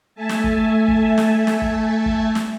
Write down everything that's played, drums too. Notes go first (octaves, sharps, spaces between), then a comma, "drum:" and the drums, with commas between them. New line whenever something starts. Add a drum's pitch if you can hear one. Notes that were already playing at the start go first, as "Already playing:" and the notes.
A3 E5 G#5 A5
drum: snare
drum: kick
drum: kick
drum: snare
drum: snare
drum: kick
drum: kick
drum: snare